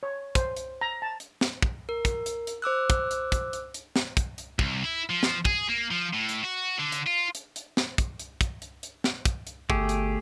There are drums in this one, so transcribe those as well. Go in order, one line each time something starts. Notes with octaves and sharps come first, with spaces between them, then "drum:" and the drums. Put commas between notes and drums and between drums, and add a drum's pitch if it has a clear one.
C#5
C5, drum: kick, hi-hat
drum: hi-hat
A#5
A5
drum: hi-hat
drum: snare
drum: kick
A#4
drum: kick, hi-hat
drum: hi-hat
drum: hi-hat
C5 D6 E6 F#6
drum: kick, hi-hat
drum: hi-hat
drum: kick, hi-hat
drum: hi-hat
drum: hi-hat
drum: snare
drum: kick, hi-hat
drum: hi-hat
C2, drum: kick
E4
F3
drum: snare
G#4, drum: kick
A#3
F3
A2
drum: hi-hat
F#4
D3
drum: hi-hat
F4
drum: hi-hat
drum: hi-hat
drum: snare
drum: kick, hi-hat
drum: hi-hat
drum: kick, hi-hat
drum: hi-hat
drum: hi-hat
drum: snare
drum: kick, hi-hat
drum: hi-hat
G1 A3 G4 G#4, drum: kick
drum: hi-hat